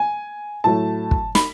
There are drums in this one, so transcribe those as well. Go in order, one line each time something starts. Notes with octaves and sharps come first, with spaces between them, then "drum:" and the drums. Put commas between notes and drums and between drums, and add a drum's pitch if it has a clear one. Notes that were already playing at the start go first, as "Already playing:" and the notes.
Already playing: G#5
A2 F#3 A3 A5
drum: kick
B5, drum: snare